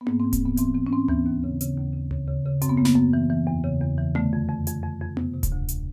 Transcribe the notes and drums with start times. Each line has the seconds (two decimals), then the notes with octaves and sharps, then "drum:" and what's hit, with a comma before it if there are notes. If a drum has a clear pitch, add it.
0.01 B3
0.07 G#2 A#3, drum: tom B3
0.20 C4
0.24 E3
0.33 C4, drum: kick D1, hi-hat
0.41 G#2 B3
0.57 E3 C4, drum: hi-hat
0.74 E3 C4
0.87 C#4
0.92 G#2 C4
1.08 E3 B3, drum: tom D2
1.26 D#2
1.44 C#3
1.61 C#3, drum: hi-hat
1.77 D#2
1.93 C#3
2.11 C#3, drum: tom D2
2.28 C#3
2.45 C#3
2.62 F#2 C4, drum: hi-hat
2.69 B3
2.77 C#3 A#3
2.85 B3, drum: snare
2.96 F#2
3.13 E3
3.30 E3
3.47 E2
3.64 C#3
3.81 E2
3.98 E3
4.15 D3 A3, drum: tom B3
4.33 F2
4.49 F2
4.67 F2, drum: hi-hat
4.83 F2
5.01 F2
5.17 C3, drum: tom B3
5.34 C3
5.43 drum: kick D1, hi-hat
5.52 D2
5.68 drum: hi-hat